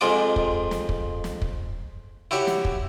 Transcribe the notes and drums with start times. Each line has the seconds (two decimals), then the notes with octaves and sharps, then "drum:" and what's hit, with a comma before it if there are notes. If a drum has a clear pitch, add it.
0.01 F2 F3 G#3 F4 D6
0.36 drum: kick
0.71 drum: snare
0.89 drum: kick
1.24 drum: snare
1.42 drum: kick
2.31 E4 F#4 G4 C#5
2.47 drum: snare
2.65 drum: kick